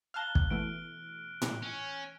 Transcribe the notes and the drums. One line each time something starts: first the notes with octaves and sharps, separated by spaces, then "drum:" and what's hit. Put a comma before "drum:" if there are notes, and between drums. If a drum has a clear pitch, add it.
F5 A5 A#5 F6 F#6 G7
drum: kick
B2 E3 A3 D7
drum: tom A2
C#4